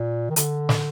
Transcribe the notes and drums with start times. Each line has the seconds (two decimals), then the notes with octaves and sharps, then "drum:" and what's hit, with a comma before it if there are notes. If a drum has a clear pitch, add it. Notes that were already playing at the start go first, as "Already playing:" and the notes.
Already playing: A#2
0.30 D#3
0.36 D3, drum: hi-hat
0.69 drum: snare